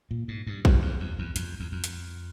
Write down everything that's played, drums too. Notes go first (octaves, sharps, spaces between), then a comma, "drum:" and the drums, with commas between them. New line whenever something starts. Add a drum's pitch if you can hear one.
A#2
G#2
G2
F#2, drum: kick
F2
E2
E2
F2, drum: hi-hat
E2
F2
drum: hi-hat